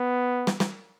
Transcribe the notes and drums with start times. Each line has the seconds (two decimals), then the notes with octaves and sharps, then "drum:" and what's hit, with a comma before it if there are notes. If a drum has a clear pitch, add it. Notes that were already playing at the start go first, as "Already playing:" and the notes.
Already playing: B3
0.47 drum: snare
0.60 drum: snare